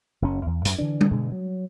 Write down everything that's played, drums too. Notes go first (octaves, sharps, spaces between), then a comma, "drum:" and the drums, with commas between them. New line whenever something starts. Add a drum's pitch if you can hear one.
F#1 F#2 C#4
E2
F#2, drum: hi-hat
D3 E3 D4
drum: tom G3
G2 B2 D3 G#3
F#3